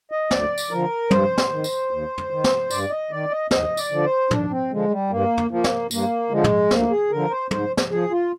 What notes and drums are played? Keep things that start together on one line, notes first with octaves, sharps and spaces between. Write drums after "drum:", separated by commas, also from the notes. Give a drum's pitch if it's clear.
D#5
D2 D5, drum: snare
drum: tambourine
D3 F3 A#4
G2 C5, drum: tom
drum: snare
D#3
drum: tambourine
D#2
drum: tom
D#3
drum: snare
G2 D5, drum: tambourine
D#5
D#3 D5
D#5
D#2 D#5, drum: snare
D5, drum: tambourine
D3 F3
C5
D#2 D4, drum: tom
C4
D3 F3 G#3
G3
G2 A#3
drum: tom
F3 A#3
drum: snare
G2 A#3, drum: tambourine
D3 F3 G#3
drum: tom
D2 A#3, drum: snare
G#4
D3 F3 A#4
C5
G#2 C5, drum: tom
drum: snare
F3 G#4
F4